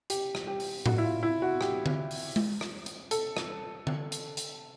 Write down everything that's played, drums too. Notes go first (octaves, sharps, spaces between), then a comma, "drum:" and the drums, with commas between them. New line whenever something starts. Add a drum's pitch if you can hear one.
G4, drum: hi-hat
drum: rim click
G4
drum: open hi-hat
F#4, drum: tom A2
E4
F4
E4
F#4
G4, drum: rim click
drum: tom D3
drum: open hi-hat
drum: tom G#3
drum: rim click
drum: hi-hat
A4, drum: hi-hat
drum: rim click
drum: tom D3
drum: hi-hat
drum: hi-hat